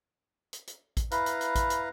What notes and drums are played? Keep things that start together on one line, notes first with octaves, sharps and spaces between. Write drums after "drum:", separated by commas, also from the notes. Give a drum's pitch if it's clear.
drum: hi-hat
drum: hi-hat
drum: kick A1, hi-hat
E4 B4 F5 A#5, drum: hi-hat
drum: hi-hat
drum: hi-hat
drum: kick A1, hi-hat
drum: hi-hat